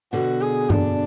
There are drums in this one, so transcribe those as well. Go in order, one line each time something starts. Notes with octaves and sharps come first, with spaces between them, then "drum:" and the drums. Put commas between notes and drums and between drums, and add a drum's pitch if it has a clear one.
B2 D3 F#4
G#4
D4, drum: tom G2